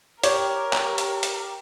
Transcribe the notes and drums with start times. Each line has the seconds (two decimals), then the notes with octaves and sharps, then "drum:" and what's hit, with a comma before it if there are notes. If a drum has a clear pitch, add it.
0.23 G4 A#4 C#5, drum: hi-hat
0.73 drum: clap
0.98 drum: hi-hat
1.23 drum: hi-hat